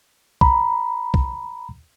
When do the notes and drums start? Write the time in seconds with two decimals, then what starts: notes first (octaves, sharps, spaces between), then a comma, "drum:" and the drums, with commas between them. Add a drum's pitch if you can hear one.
0.41 A#5 B5, drum: kick
1.14 drum: kick